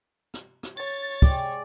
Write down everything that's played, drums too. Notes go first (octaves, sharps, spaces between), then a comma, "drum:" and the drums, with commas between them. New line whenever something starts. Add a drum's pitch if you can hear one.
drum: rim click
drum: rim click
C#5 A6
G#3 G4 D5 D#5, drum: kick